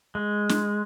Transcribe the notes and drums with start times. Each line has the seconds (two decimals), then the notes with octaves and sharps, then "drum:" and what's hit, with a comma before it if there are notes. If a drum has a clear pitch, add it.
0.15 G#3
0.49 drum: snare